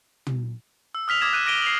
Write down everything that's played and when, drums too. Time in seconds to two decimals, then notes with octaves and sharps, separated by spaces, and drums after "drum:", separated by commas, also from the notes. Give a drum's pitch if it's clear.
0.27 drum: tom
0.95 E6
1.08 D#6 F6 B6 F7
1.21 D6 D#6 G#6 A#6 E7
1.33 F#6 D#7 E7
1.46 D6 A#6 D7 D#7 G7
1.62 C7 F7 F#7